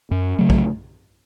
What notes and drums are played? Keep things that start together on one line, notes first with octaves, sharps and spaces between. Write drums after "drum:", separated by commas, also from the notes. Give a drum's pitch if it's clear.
F#2
C#3 F#3 A3
drum: kick